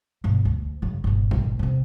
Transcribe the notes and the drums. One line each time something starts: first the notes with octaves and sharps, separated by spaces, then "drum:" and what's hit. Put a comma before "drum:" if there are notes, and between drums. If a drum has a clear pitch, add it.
G1 B2
D2
F#2 C#3
G1 A#2
G2 A#2, drum: kick
C3 C4